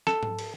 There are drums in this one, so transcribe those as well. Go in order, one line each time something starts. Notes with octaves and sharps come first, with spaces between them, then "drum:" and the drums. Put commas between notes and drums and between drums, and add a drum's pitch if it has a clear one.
A4, drum: snare
drum: tom G#2
drum: cymbal